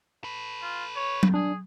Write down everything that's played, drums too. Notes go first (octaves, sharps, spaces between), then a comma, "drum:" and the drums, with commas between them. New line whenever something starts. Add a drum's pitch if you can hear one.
A4 B4
F4
C#5
drum: tom F#3
D4 G#4